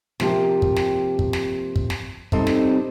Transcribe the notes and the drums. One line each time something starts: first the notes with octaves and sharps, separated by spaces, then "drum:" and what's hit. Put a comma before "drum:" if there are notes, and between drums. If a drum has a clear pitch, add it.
C3 F3 A#3 G4, drum: snare
drum: kick
drum: snare
drum: kick
drum: snare
drum: kick
drum: snare
C3 G3 C4 D#4 A4, drum: kick
drum: snare